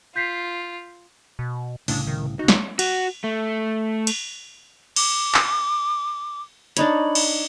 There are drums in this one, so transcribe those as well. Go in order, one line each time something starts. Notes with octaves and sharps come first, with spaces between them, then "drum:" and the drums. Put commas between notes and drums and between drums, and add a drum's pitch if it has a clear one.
F4 G6 B6 C7
B2
C2 A2 C#3 D4, drum: open hi-hat
D#3
C#2 D#4 F#4
drum: snare
F#4, drum: cymbal
A3
drum: cymbal
D6, drum: cymbal
drum: clap
D4 D#4 C#5 B5, drum: hi-hat
drum: cymbal